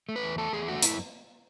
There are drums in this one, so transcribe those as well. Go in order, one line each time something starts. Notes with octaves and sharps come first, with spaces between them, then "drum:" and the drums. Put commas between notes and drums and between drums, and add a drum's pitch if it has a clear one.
A3
B4
E2
A3 A4
E2 G#4
A3 F#4
F#2 E4, drum: hi-hat